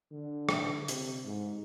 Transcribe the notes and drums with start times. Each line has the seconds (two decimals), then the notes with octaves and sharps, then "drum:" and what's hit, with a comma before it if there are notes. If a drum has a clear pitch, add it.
0.12 D3
0.49 drum: rim click
0.88 C3, drum: hi-hat
1.25 G#2